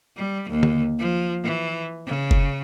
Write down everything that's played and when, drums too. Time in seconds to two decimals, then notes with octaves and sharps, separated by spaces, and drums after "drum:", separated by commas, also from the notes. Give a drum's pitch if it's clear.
0.16 G3
0.49 D#2
0.63 drum: tom D3
1.00 F3
1.44 E3
2.07 C#3
2.31 drum: kick F#1